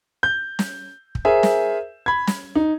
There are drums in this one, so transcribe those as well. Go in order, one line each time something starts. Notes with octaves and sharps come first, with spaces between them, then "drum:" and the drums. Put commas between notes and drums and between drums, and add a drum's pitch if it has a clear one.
G6
drum: snare
drum: kick
G#4 A#4 C5 E5 G#5
drum: snare
B5 G#6
drum: snare
D#4